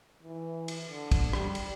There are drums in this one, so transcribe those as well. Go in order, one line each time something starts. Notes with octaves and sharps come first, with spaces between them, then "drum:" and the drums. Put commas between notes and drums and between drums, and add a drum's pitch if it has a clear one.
E3
drum: cymbal
D3
drum: kick, cymbal
G3, drum: rim click
drum: cymbal